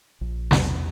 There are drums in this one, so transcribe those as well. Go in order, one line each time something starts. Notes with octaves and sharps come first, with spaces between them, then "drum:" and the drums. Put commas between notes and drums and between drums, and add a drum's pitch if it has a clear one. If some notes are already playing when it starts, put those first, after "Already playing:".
A#1
E2, drum: snare